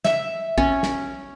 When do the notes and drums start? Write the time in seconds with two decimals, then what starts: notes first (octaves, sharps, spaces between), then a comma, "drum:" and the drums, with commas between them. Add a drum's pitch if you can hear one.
0.05 E5, drum: snare
0.58 C#4, drum: kick
0.83 drum: snare